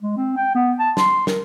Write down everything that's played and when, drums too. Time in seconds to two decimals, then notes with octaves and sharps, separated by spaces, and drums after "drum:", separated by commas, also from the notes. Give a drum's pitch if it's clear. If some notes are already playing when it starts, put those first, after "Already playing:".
0.02 G#3
0.17 C4
0.37 G5
0.55 B3
0.79 A5
0.97 C6, drum: snare
1.27 A#4, drum: snare